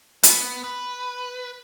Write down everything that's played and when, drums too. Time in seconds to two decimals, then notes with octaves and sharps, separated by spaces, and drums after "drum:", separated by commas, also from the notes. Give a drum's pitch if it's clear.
0.23 B3, drum: hi-hat
0.64 B4